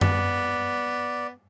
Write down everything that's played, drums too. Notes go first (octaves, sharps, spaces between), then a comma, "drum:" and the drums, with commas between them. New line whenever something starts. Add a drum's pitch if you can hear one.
B3 D5, drum: tom F#2